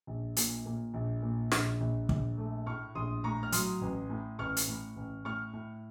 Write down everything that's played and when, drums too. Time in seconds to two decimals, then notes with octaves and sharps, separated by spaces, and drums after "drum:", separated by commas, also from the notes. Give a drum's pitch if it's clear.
0.07 A#1
0.37 A#2, drum: hi-hat
0.66 A#2
0.94 A#1
1.23 A#2
1.52 A#1, drum: snare
1.80 A#1
2.09 A#1, drum: kick
2.38 A3
2.66 A2 C#6 F6
2.95 A#1 C6 D#6
3.24 A2 A#5 C#6
3.43 F6
3.52 F#3 C6 D#6, drum: hi-hat
3.81 A1
4.10 A2
4.39 A1 C#6 F6
4.57 drum: hi-hat
4.68 A2
4.97 A1
5.25 A2 C#6 F6
5.53 A2